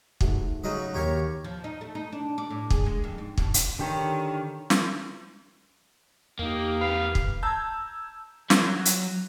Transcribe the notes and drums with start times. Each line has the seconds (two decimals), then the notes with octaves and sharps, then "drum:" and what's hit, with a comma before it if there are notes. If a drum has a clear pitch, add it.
0.21 G#2 A3 F#4, drum: kick
0.64 C#3 F#3 D#4 D#5
0.94 D#2 G4 A#4 C#5
1.44 F3
1.64 D#4
1.81 A3
1.95 D#4
2.12 D4
2.38 D5
2.50 A2
2.70 G#4, drum: kick
2.86 G#3
3.04 F2
3.18 G#2
3.38 B2, drum: kick
3.54 drum: hi-hat
3.79 D3 D#3 G4 C#5
4.70 drum: snare
6.39 E2 A#3 D#4 G4
6.81 A#3 B4 F5
7.15 drum: kick
7.43 A5 A#5 E6 G6 G#6
8.50 F#3, drum: snare
8.85 drum: hi-hat